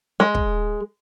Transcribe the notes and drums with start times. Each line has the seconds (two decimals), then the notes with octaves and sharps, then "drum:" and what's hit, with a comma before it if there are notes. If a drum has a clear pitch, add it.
0.20 G#3
0.35 drum: kick